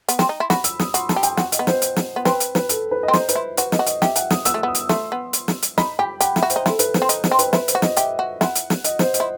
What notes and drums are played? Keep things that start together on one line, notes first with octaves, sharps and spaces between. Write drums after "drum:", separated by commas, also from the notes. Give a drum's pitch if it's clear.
B3, drum: hi-hat
C4, drum: snare
D#4
E4
F#4 B5, drum: snare
E6, drum: hi-hat
D#6, drum: snare
F#4 C6, drum: hi-hat
A5, drum: snare
G4
G5, drum: hi-hat
F#4 F#5, drum: snare
D#5, drum: hi-hat
B3
C5, drum: snare
drum: hi-hat
drum: snare
B3
C4 B4, drum: snare
drum: hi-hat
B4, drum: snare
A4, drum: hi-hat
B4
D#5
C4
D#4 C5, drum: snare
B4, drum: hi-hat
E4
F#4 B4, drum: hi-hat
D#5, drum: snare
F#4
D#5, drum: hi-hat
G4 E5, drum: snare
F#5, drum: hi-hat
D#6, drum: snare
B3 E6, drum: hi-hat
A3
B3 D#6
drum: hi-hat
A3 C6, drum: snare
B3
drum: hi-hat
drum: snare
drum: hi-hat
D#4 B5, drum: snare
G4 G5
G4 F#5, drum: hi-hat
E5, drum: snare
F#4
C5, drum: hi-hat
D#4
E4 A4, drum: snare
B4, drum: hi-hat
C5, drum: snare
C4
D#4 D#5, drum: hi-hat
C5, drum: snare
C4
B4, drum: hi-hat
E4 B4, drum: snare
C5, drum: hi-hat
F#4
D#5, drum: snare
G4 E5, drum: hi-hat
F#4
E4 F#5, drum: snare
drum: hi-hat
drum: snare
D#5, drum: hi-hat
C5, drum: snare
D#5, drum: hi-hat
E4